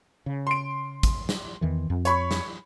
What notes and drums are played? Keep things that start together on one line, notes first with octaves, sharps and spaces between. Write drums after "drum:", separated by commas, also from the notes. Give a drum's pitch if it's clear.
C#3
C6 D7
drum: kick, hi-hat
drum: snare
E2 D#3 E3
F2
C#5 B5 C#6, drum: hi-hat
drum: snare